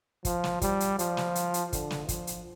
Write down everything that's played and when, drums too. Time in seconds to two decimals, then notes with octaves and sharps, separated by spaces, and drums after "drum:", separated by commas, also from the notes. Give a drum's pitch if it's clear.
0.25 F3, drum: kick, hi-hat
0.44 drum: snare
0.62 G3, drum: kick, hi-hat
0.80 drum: hi-hat
0.99 F3, drum: hi-hat
1.17 drum: snare
1.35 drum: hi-hat
1.54 drum: hi-hat
1.73 D3, drum: kick, hi-hat
1.90 drum: snare
2.09 F3, drum: kick, hi-hat
2.27 drum: hi-hat